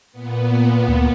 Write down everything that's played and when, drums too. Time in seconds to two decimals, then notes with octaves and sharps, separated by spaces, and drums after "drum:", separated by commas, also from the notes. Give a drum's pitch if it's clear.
0.11 A#2 B3
0.89 drum: kick C#2